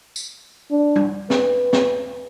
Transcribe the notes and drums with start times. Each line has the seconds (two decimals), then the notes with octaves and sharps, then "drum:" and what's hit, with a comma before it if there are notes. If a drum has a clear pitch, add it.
0.16 drum: tambourine
0.71 D4
0.96 drum: tom G3
1.30 B4, drum: snare
1.73 drum: snare